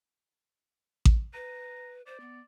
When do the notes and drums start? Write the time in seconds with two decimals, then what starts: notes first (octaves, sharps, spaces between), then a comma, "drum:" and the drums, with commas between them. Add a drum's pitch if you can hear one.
1.05 drum: kick A1
1.34 B4 A#5
2.06 C5 D5
2.20 B3